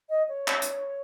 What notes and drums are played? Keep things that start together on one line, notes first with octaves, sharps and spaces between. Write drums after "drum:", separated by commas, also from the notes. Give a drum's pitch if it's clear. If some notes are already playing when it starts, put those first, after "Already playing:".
D#5
C#5
drum: clap
drum: hi-hat